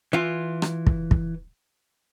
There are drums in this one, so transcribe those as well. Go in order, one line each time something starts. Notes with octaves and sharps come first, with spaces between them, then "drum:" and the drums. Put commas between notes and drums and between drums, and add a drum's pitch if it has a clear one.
E3 F4
drum: rim click
drum: kick
drum: kick